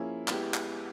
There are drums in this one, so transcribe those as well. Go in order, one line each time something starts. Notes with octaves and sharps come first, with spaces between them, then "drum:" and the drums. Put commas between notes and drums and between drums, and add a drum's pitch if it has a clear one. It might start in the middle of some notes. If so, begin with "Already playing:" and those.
Already playing: F3 A#3 C#4 E4 G#4
G#3 B3 E4 G4, drum: clap
drum: clap